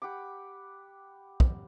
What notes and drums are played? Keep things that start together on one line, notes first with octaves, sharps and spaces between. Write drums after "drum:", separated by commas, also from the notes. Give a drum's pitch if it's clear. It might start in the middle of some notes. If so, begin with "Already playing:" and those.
G4 F#5 B5 D6
drum: kick